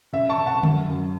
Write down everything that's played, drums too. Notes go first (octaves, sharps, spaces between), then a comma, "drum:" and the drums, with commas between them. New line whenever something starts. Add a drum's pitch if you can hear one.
C#3 E5
A5 C#6
C#3
F#5 A5
F#2, drum: tom D3
F#2